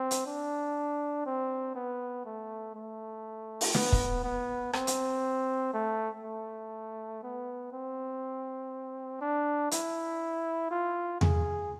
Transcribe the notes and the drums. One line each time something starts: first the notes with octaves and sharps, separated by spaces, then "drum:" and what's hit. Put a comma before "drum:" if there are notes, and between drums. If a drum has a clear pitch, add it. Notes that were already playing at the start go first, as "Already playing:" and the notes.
Already playing: C4
drum: hi-hat
D4
C4
B3
A3
A3
drum: open hi-hat
B3, drum: snare
drum: kick
B3
C4, drum: rim click
drum: hi-hat
A3
A3
B3
C4
D4
E4, drum: hi-hat
F4
G#4, drum: tom E2